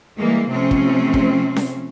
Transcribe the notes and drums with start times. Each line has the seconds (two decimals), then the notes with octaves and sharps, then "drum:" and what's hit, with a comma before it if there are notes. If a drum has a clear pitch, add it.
0.17 E3 G3 G#3 A#3
0.50 C3 F3 A3 C4 C#4
0.71 drum: kick
1.14 drum: kick
1.56 drum: snare C#4